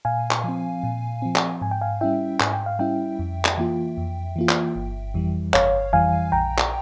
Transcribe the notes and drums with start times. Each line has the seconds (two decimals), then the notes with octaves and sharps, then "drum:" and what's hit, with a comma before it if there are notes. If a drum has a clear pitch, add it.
0.05 A#2 F5 G#5
0.31 drum: clap
0.44 F3 C4
0.83 A#2
1.22 F3 C4
1.36 drum: clap
1.61 G#2 G#5
1.71 G5
1.81 F5 G#5
2.01 G3 C#4 E4 E5 G5
2.40 G#2 G#5, drum: clap
2.53 G5
2.66 F5
2.79 G3 C#4 E4 E5 G5
3.19 F2
3.45 drum: clap
3.58 E3 A#3 F4
3.97 F2
4.36 E3 A#3 F4
4.49 drum: clap
4.76 G1
5.14 F2 E3 G3
5.54 G1 C#5 F5, drum: clap
5.93 F2 E3 G3 F5 G#5
6.32 A#1 G5 A#5
6.58 drum: clap